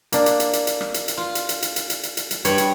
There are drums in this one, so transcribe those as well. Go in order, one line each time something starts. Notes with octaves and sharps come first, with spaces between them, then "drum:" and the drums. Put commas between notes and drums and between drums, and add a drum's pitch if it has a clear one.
A#3 D4, drum: hi-hat
drum: hi-hat
drum: hi-hat
drum: hi-hat
drum: hi-hat
drum: rim click
drum: hi-hat
drum: hi-hat
F4
drum: hi-hat
drum: hi-hat
drum: hi-hat
drum: hi-hat
drum: hi-hat
drum: hi-hat
drum: hi-hat
drum: hi-hat
G2 C#5 B5, drum: hi-hat
drum: hi-hat